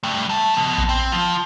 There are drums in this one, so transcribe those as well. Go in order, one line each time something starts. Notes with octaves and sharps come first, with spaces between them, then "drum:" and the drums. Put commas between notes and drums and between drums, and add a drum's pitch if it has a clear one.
G3 A3
E5 A5
F3 B3
drum: kick A#1
C4
F3 F4